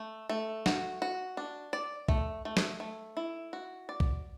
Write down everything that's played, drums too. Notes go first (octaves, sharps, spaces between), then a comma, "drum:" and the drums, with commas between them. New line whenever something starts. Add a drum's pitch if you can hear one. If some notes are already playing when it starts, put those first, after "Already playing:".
Already playing: A3
A3
F#4, drum: snare
F#4
D4
D5
A3, drum: kick B1
A3
drum: snare
A3
E4
F#4
D5
drum: kick B1